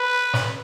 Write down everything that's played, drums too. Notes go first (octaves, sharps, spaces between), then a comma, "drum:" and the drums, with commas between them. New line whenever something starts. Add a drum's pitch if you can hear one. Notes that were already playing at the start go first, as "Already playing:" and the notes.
Already playing: B4
drum: snare